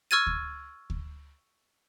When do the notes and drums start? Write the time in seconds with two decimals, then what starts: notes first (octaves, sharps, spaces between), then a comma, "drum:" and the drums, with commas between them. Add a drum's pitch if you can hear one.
0.11 C#6 E6 F6 G#6 A6 D#7
0.27 drum: kick D2
0.90 drum: kick D2